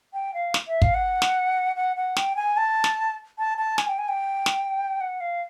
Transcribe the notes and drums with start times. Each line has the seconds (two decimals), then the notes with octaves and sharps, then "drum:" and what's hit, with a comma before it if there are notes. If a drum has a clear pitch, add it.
0.14 G5
0.34 F5
0.54 drum: snare
0.68 E5
0.82 F5, drum: kick
0.95 F#5
1.22 drum: snare
1.76 F#5
1.97 F#5
2.17 G5, drum: snare
2.36 G#5
2.57 A5
2.84 drum: snare
3.39 A5
3.58 A5
3.78 G#5, drum: snare
3.88 G5
3.98 G#5
4.09 G5
4.46 drum: snare
5.01 F#5
5.21 F5